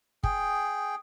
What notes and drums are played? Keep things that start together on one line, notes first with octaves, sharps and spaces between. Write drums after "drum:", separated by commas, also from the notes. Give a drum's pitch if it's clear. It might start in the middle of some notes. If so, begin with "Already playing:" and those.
G#4 G5, drum: kick